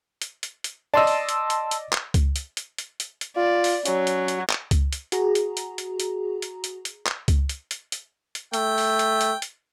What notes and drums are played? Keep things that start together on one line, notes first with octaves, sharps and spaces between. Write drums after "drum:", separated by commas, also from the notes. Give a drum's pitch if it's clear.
drum: hi-hat
drum: hi-hat
drum: hi-hat
D5 D#5 A5 C6 E6
drum: open hi-hat
drum: hi-hat
drum: hi-hat
drum: hi-hat
drum: clap
drum: kick C#2, hi-hat
drum: hi-hat
drum: hi-hat
drum: hi-hat
drum: hi-hat
drum: hi-hat
F4 D5
drum: open hi-hat
F#3 C#4, drum: hi-hat
drum: hi-hat
drum: hi-hat
drum: clap
drum: kick C#2, hi-hat
drum: hi-hat
F#4 G#4 A#5, drum: hi-hat
drum: hi-hat
drum: hi-hat
drum: hi-hat
drum: hi-hat
drum: hi-hat
drum: hi-hat
drum: hi-hat
drum: clap
drum: kick C#2, hi-hat
drum: hi-hat
drum: hi-hat
drum: hi-hat
drum: hi-hat
A3 G5, drum: hi-hat
drum: open hi-hat
drum: hi-hat
drum: hi-hat
drum: hi-hat